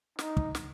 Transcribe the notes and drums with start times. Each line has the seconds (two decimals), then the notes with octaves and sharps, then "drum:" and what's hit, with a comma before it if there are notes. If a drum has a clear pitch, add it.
0.19 D#4, drum: snare
0.37 drum: kick
0.55 drum: snare